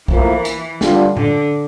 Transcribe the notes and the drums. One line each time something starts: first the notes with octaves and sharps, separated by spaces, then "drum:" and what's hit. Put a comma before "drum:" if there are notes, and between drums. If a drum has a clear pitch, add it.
A2 E3 F3 A#3 E4, drum: kick
drum: hi-hat
G2 D3 G3 D4 F4, drum: snare
D3, drum: tom A2